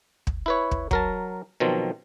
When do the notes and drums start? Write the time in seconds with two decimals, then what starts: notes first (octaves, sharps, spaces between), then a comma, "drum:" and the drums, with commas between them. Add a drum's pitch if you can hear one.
0.27 drum: kick
0.46 E4 B4 C#5
0.71 drum: kick
0.91 F#3 A#4 A5, drum: kick
1.60 B2 D#3 F3 F#3 C4